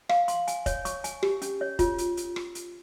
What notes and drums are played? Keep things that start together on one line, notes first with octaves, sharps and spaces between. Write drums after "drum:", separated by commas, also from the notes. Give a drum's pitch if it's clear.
F5, drum: rim click
C6, drum: hi-hat
G#5, drum: hi-hat
C#5, drum: kick F1, hi-hat
C#6, drum: hi-hat
G#5, drum: hi-hat
G4, drum: rim click
C#4, drum: hi-hat
C#5
F4, drum: kick F1, hi-hat
drum: hi-hat
drum: hi-hat
drum: rim click
drum: hi-hat